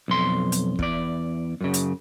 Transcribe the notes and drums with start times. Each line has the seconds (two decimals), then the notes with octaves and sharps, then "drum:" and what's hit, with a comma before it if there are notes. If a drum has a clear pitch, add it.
0.08 B1 F2 C6
0.52 drum: hi-hat
0.79 E2 D5, drum: kick
1.61 F#2 C#3
1.74 drum: hi-hat